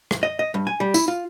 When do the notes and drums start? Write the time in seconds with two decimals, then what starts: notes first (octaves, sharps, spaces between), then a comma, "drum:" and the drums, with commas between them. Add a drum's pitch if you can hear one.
0.11 drum: rim click
0.23 D#5
0.39 D#5
0.54 G2
0.67 G#5
0.80 G3
0.94 E4, drum: tambourine
1.08 F4